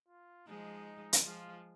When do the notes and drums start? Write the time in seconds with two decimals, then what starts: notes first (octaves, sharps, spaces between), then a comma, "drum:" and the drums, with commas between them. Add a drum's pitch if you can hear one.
0.08 F4
0.47 F3 G#3 D#4
1.13 drum: hi-hat
1.24 F3 G#3 F4